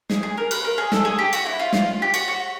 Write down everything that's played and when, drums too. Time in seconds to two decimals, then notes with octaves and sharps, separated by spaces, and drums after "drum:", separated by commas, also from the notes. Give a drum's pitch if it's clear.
0.10 G#4, drum: snare
0.23 G#4
0.37 A#4
0.51 B4, drum: cymbal
0.64 A#4
0.78 G#4
0.92 A4, drum: snare
1.05 G#4
1.18 G4
1.33 F#4, drum: cymbal
1.46 E4
1.60 F4
1.73 F4, drum: snare
2.02 G4
2.14 F#4, drum: cymbal
2.28 F#4